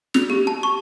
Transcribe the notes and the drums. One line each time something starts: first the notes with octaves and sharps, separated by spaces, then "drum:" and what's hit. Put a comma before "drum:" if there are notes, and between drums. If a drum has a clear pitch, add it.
F7, drum: snare
G4
A5
C#6